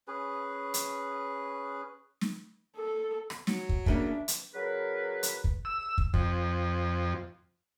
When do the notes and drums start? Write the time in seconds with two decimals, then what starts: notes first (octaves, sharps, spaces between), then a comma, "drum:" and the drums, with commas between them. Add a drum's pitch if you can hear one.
0.08 C#4 G#4 B4
0.74 drum: hi-hat
2.21 drum: snare
2.76 A4
3.30 drum: rim click
3.47 F#3, drum: snare
3.69 drum: kick
3.86 A2 C#3 A#3 D4 E5, drum: kick
4.28 drum: hi-hat
4.54 C#3 F#3 G#4 A#4 B4
5.23 drum: hi-hat
5.44 drum: kick
5.65 E6
5.98 drum: kick
6.13 F2, drum: kick